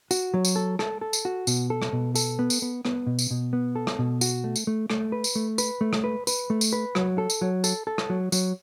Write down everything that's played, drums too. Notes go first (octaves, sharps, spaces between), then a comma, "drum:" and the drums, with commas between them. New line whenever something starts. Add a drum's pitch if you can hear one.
F#4, drum: tambourine
F#3
drum: tambourine
A4
A4, drum: rim click
A4
drum: tambourine
F#4
B2, drum: tambourine
A4
drum: rim click
B2
A4, drum: tambourine
B3
drum: tambourine
B3
B3, drum: rim click
B2
drum: tambourine
B2
B3
A4
drum: rim click
B2
F#4, drum: tambourine
A3
drum: tambourine
A3
A3, drum: rim click
B4
drum: tambourine
A3
B4, drum: tambourine
A3
drum: rim click
B4
B4, drum: tambourine
A3
drum: tambourine
B4
F#3, drum: rim click
A4
drum: tambourine
F#3
A4, drum: tambourine
A4
drum: rim click
F#3
F#3, drum: tambourine